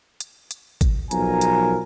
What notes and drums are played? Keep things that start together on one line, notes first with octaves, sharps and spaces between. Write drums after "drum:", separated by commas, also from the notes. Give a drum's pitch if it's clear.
drum: hi-hat
drum: hi-hat
drum: kick G#1, hi-hat
B1 F3 A#4 G#5 A#5, drum: hi-hat
drum: hi-hat